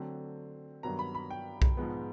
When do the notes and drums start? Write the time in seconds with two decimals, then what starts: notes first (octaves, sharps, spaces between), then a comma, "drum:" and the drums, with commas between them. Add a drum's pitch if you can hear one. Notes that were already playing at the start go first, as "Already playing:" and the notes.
Already playing: D3 F#3 A3 C4
0.83 G2 D#3 F#3 B3 A#5
0.99 B5
1.15 B5
1.30 G5
1.62 drum: kick B1
1.77 G#2 F3 G#3 B3